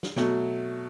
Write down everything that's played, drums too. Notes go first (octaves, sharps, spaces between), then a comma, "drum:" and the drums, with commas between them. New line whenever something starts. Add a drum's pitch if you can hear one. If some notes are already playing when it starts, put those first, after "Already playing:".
drum: snare
B2 F#3 A3, drum: snare